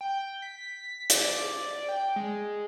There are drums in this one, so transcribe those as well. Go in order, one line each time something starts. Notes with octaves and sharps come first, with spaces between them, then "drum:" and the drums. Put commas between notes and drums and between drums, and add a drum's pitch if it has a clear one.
G5
B6
D5, drum: hi-hat
G5
G#3